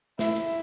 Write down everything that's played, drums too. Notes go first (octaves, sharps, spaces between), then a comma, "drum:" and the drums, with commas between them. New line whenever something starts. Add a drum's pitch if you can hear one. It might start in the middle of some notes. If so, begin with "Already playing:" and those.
E4, drum: snare
drum: hi-hat